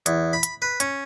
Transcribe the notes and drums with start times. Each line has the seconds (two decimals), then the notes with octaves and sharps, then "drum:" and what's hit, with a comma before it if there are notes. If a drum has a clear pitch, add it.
0.06 E2, drum: hi-hat
0.33 B5
0.43 drum: hi-hat
0.62 B4
0.80 C#4, drum: hi-hat